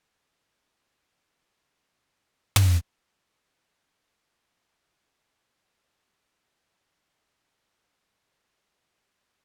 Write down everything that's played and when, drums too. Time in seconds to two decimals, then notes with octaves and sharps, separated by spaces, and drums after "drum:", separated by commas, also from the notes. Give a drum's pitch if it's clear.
0.10 C5
0.50 D3
0.96 F5
1.55 E4
2.56 drum: tom
3.54 E5
3.66 F5
3.80 C#4
3.95 C#4
4.11 D#5
4.25 B4
4.40 C#6
4.65 A#3
4.95 D#5
5.43 F2
5.63 D#2
6.23 G3 F4 E5
8.29 F3 F#3 D4 G4 C5 D5